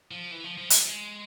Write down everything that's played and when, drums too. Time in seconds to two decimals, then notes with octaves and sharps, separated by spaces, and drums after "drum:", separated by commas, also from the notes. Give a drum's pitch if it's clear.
0.11 F3
0.31 E3
0.44 F3
0.58 F3
0.70 G#3, drum: hi-hat
0.79 F3
0.87 G#3